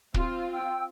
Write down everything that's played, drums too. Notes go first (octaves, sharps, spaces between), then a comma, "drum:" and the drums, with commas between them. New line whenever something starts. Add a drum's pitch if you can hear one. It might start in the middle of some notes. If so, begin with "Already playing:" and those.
C4 F4, drum: kick
G5 E6